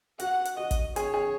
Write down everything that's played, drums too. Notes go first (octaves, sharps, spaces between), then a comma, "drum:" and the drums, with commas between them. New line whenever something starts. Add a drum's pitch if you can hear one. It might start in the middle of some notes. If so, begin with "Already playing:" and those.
F#4 F#5, drum: hi-hat
drum: hi-hat
F#4 D#5
drum: kick, hi-hat
G#4 C#5, drum: hi-hat
G#4